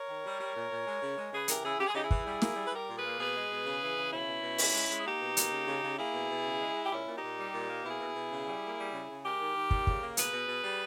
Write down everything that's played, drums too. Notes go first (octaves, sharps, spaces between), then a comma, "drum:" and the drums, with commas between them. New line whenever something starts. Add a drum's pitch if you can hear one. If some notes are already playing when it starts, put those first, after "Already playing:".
Already playing: A#4 C#5
D#3
G3
G3
A#2
A#2
G#3
C#3
G#3
C#3 G#4 B4
E3 G4 A#4, drum: hi-hat
C#3 E4 G#4
C#3 G4
G#4
C#3 D#4 G4
E4 G#4
E3, drum: kick
G3
A#3, drum: snare
G3
B4
G3 G4 A#4
A#2
G#4 B4
A#3
B2 G#4 B4
G#3
B2
C#3
E3
C#3
B2 C#4 E4
B2
B2
G#3, drum: open hi-hat
G#3
G#3
G#4
A#3 D#4 G4
B2
A#3, drum: hi-hat
C#3
C#3
C#3
A#3 E4 G#4
B2
B2
C#3
G#3
G#3
G4
A#2 C#4 E4
A#2
D#4 G4
A#2
G3
A#2
A#3
B2 E4 G#4
B2
B2
C#3
G3
A#3
G3
C#3
C#3
G#3 G4 A#4
D#3
D#3
G3, drum: kick
C#3, drum: kick
A#3
B2 G#4 B4, drum: hi-hat
B2
B2
G3